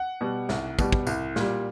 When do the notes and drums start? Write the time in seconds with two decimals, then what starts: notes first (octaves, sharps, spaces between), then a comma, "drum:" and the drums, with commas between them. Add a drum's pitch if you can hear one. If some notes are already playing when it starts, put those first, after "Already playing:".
Already playing: F#5
0.21 B2 G3
0.49 C2, drum: snare
0.79 B2 G3, drum: kick, tambourine
0.92 drum: kick
1.07 C2, drum: tambourine
1.36 A#2 G3, drum: snare